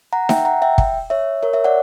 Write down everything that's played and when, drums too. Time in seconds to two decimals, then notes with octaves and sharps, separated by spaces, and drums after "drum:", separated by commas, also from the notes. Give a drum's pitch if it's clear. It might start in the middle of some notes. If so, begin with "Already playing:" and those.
0.13 F#5 A#5
0.29 E5 G5, drum: snare D#4
0.45 F#5 A#5
0.62 E5 G5
0.78 drum: kick
1.10 C#5 E5
1.43 A#4 C#5
1.53 C#5 E5
1.64 D5 F#5